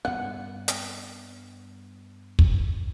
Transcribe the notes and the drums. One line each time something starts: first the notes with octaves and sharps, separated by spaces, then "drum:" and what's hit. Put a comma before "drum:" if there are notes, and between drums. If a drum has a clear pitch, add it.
G2 B3 F#5
drum: hi-hat
drum: kick